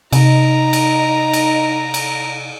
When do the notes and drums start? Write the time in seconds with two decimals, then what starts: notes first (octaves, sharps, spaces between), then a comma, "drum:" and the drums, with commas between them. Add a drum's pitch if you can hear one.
0.12 C3 D#4 A#5, drum: cymbal
0.73 drum: cymbal
1.33 drum: cymbal
1.94 drum: cymbal